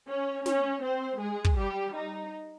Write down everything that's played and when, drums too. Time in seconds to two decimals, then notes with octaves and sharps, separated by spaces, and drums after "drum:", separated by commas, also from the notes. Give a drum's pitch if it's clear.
0.09 C#4 C#5
0.46 C#4 C#5, drum: snare
0.84 C4 C5
1.20 G#3 G#4
1.45 drum: kick
1.58 G3 G4
1.95 D#4